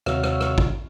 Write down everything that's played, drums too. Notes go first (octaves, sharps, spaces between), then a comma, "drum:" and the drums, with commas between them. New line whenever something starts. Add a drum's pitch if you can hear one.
D#2 C3 F#4 C#5 E5 F5, drum: rim click
drum: rim click
drum: rim click
drum: kick